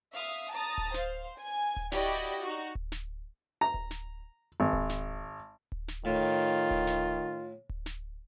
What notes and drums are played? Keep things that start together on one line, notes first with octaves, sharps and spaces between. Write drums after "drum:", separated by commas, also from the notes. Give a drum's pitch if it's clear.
E5 F5 D#6
A5 A#5 D#6 A6
drum: kick D1
C5 F5, drum: snare
G#5
drum: kick D1
E4 F#4 G4 D5 D#5, drum: snare
D#4 F#4
drum: kick D1
drum: snare
A#5
drum: kick D1
drum: snare
G#1
drum: kick D1
drum: snare
drum: kick D1
drum: snare
A2 D#3 F4
drum: kick D1
drum: snare
drum: kick D1
drum: snare